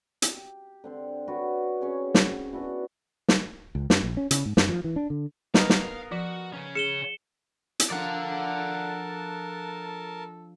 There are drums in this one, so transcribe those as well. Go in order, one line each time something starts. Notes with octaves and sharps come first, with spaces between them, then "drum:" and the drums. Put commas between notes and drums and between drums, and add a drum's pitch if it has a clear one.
G4, drum: hi-hat
D3 C4 C6
F#4 B4 C#5 D5
C4 C#4 G#4 C#5
drum: snare
B3 D4 E4 F#4
drum: snare
C#2
F#2, drum: snare
A#1
C#4
C#3, drum: hi-hat
G#2
F#2, drum: snare
F3
E3
D4
D3
B3 A#4 D#5 F5, drum: snare
drum: snare
F3 F#4
C#3 C#4
G#4 C#7 E7 G7
drum: hi-hat
F3 D4 A4 A#4 D5 F#5 A5